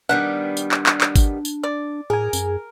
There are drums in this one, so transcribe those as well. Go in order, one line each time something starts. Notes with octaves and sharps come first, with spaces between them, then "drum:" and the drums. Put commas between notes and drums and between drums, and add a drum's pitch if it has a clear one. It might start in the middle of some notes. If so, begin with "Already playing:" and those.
D#3 G3 B3 D4 F#5
drum: tambourine
drum: clap
drum: clap
drum: clap
drum: kick G#1, tambourine
drum: tambourine
D5
A2 G#4 A#4 G#5
F#2, drum: tambourine